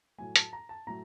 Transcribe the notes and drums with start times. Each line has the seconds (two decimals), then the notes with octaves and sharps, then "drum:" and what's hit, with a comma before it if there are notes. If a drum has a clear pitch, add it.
0.18 A2 F#3 A3 G#5
0.36 A5, drum: hi-hat
0.53 A#5
0.69 A5
0.87 A2 F#3 A3 A#5